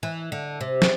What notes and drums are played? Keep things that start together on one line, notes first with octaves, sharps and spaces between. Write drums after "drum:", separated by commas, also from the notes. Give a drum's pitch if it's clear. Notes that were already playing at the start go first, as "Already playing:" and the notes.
E3
D3
C3
drum: snare